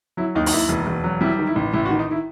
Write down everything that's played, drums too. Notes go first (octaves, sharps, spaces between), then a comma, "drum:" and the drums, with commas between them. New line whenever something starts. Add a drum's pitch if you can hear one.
F#3 E4
D#2 D#4
D#4, drum: open hi-hat
D#2 E4
E1
E1
F#3
G3 E4
D#3
E4
A1
A1 E4
F#4
D#3
D#4
E4